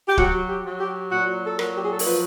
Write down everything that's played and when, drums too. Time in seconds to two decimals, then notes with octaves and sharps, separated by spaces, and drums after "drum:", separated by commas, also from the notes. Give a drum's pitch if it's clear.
0.08 G4
0.17 F#3 F#4, drum: kick
0.49 G4
0.64 F#3
0.80 G4
1.11 A#2 F#4
1.47 A4
1.59 F#3 A#4, drum: rim click
1.78 G4
1.85 G#4
1.92 A4
1.99 A#4, drum: open hi-hat
2.06 F3 B4